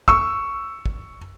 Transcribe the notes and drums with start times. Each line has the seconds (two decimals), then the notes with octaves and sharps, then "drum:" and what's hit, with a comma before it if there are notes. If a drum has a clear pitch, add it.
0.08 C#6 E6, drum: kick
0.86 drum: kick